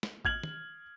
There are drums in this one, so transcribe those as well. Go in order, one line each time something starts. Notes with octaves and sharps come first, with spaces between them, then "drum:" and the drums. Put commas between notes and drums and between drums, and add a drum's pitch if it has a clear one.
drum: snare
F6 G#6 F#7, drum: kick A1
drum: tom